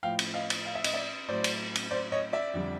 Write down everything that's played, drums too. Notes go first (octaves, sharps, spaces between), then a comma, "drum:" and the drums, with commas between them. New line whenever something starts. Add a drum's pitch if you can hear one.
A2 F3 F5 G5
drum: cymbal
D#5 F5
drum: cymbal
F5
E5
D#5, drum: cymbal
D5 E5
A2 F#3 C5 D5
drum: cymbal
drum: cymbal
C5 D5
C#5 D#5
D5 E5
F2 D3 G3